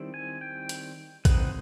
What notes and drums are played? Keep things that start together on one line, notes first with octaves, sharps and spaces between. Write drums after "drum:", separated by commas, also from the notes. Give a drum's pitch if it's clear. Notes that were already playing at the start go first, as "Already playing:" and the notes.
Already playing: D#3 G3 C4 E4
G#5
G5
drum: hi-hat
E3 G#3 C4 D#4 F#5, drum: kick, hi-hat